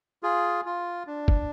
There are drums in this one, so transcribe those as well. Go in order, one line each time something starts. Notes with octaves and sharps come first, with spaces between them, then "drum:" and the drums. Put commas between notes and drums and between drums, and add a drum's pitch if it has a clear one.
F4 G#4
F4
D4
drum: kick F#1